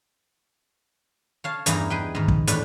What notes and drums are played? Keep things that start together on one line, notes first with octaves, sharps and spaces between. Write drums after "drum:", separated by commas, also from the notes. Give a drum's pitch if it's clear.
C#5 F5 A5
E2 G2 E3 A#3 D#4 A#5, drum: hi-hat
G#4 B4 G5
G#2 D#3
drum: kick
E2 A2 A3 D4 B4, drum: hi-hat